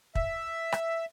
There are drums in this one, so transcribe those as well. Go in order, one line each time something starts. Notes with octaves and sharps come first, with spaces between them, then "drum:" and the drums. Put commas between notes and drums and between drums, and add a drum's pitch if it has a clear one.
E5, drum: kick
drum: rim click